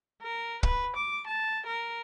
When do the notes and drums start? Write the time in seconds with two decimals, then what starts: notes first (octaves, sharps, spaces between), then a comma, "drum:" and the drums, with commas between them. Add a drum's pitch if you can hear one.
0.22 A#4
0.63 B4, drum: kick
0.96 D6
1.27 A5
1.66 A#4